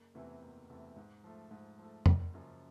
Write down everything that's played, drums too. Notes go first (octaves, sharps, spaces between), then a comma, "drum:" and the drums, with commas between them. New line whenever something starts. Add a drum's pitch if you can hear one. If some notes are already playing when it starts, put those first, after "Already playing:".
Already playing: F#1
E2 C3 E3 A3
F#1
E2 C3 E3 A3
G#2
F3 A3
G#2
F3 A3
F#1, drum: tom F2
F#2 C#3 F3